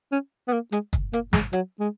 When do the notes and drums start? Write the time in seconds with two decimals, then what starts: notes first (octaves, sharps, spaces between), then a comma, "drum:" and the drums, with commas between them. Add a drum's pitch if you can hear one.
0.12 C#4
0.48 B3
0.53 A#3
0.72 G#3, drum: hi-hat
0.93 drum: kick, hi-hat
1.13 A#3, drum: hi-hat
1.33 G#3, drum: snare
1.53 F#3, drum: hi-hat
1.80 G#3